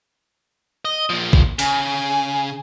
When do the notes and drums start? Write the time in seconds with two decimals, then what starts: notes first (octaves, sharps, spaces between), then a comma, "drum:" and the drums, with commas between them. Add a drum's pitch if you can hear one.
0.85 D#5
1.10 A#2 F3
1.33 drum: kick A1
1.59 C#3 G#5, drum: open hi-hat